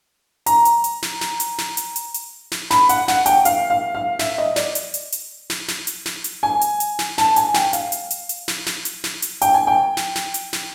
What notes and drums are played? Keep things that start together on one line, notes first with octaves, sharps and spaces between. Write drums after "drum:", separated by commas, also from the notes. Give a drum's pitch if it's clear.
A#5, drum: hi-hat
drum: hi-hat
drum: hi-hat
drum: snare
drum: snare
drum: hi-hat
drum: snare
drum: hi-hat
drum: hi-hat
drum: hi-hat
drum: snare
B5, drum: snare
F#5, drum: hi-hat
F#5, drum: snare
G5, drum: hi-hat
F5, drum: hi-hat
F5
F5
E5, drum: snare
D#5
D5, drum: snare
drum: hi-hat
drum: hi-hat
drum: hi-hat
drum: snare
drum: snare
drum: hi-hat
drum: snare
drum: hi-hat
G#5
drum: hi-hat
drum: hi-hat
drum: snare
A5, drum: snare
G#5, drum: hi-hat
G5, drum: snare
F5, drum: hi-hat
drum: hi-hat
drum: hi-hat
drum: hi-hat
drum: snare
drum: snare
drum: hi-hat
drum: snare
drum: hi-hat
G5, drum: hi-hat
G#5
G5
drum: snare
drum: snare
drum: hi-hat
drum: snare